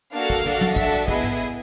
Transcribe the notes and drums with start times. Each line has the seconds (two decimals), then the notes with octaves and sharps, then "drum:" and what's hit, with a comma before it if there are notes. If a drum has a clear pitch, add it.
0.14 A#3 D4 F#4 A4 F5
0.30 drum: kick
0.46 D4 F#4 A4, drum: tom
0.61 drum: tom
0.76 D4 F#4 A4 E5, drum: kick
1.08 B3 E4 G#4 D#5, drum: kick
1.24 drum: tom